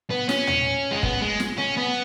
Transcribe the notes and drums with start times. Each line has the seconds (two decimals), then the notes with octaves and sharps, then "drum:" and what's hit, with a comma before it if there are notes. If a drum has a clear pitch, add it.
0.10 B3
0.29 C#4, drum: snare
0.47 drum: tom
0.91 G#3
1.03 B3, drum: kick
1.21 G#3
1.40 drum: snare
1.58 C#4
1.77 B3